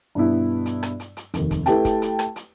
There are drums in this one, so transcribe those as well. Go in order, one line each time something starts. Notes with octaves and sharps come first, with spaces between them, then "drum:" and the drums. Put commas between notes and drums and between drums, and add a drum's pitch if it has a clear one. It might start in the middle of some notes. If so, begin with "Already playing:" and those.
G2 B2 B3 E4
drum: hi-hat
drum: rim click
drum: hi-hat
drum: hi-hat
F1 D#2, drum: hi-hat
drum: kick, hi-hat
A3 E4 G4 B4 G5 A5, drum: hi-hat
drum: kick, hi-hat
drum: hi-hat
drum: rim click
drum: hi-hat